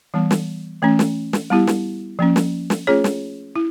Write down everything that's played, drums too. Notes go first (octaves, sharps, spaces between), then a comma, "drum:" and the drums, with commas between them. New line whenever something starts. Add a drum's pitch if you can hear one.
E3 G3 B3
drum: snare
E3 A3 C#4
drum: snare
drum: snare
G3 B3 E4 G4
drum: snare
F3 A#3 C#4
drum: snare
drum: snare
A3 C#4 F4 G#4 C#5
drum: snare
E4